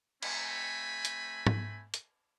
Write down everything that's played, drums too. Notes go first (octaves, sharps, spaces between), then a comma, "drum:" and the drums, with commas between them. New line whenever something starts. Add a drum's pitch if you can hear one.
A3 C4 G#5 B5, drum: cymbal
drum: hi-hat
drum: tom
drum: hi-hat